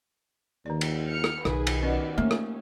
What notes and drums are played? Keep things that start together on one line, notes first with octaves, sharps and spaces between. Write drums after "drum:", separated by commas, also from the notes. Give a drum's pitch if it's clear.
D#2 D#3 D5
drum: cymbal
F6 C#7
drum: rim click
B1 D#3 G#4 B4, drum: rim click
drum: cymbal
B3 C#4 F#4 D5 D#5
A3 A#3 C#4 D#4
drum: rim click